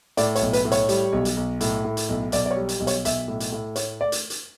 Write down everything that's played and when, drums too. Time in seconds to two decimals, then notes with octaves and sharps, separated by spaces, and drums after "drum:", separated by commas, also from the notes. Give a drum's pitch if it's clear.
0.17 A2 D5, drum: hi-hat
0.35 C#5, drum: hi-hat
0.41 B1
0.53 B4, drum: hi-hat
0.65 A2
0.72 C#5, drum: hi-hat
0.89 G3, drum: hi-hat
1.13 B1
1.25 drum: hi-hat
1.37 B1
1.61 A2, drum: hi-hat
1.85 A2
1.97 drum: hi-hat
2.09 B1
2.32 B1 D5, drum: hi-hat
2.46 D5
2.51 C#5
2.56 G3
2.69 drum: hi-hat
2.80 B1
2.87 C#5, drum: hi-hat
3.05 B1 E5, drum: hi-hat
3.28 A2
3.40 drum: hi-hat
3.52 A2
3.76 A3 C#5, drum: hi-hat
4.01 D5
4.12 drum: hi-hat
4.30 drum: hi-hat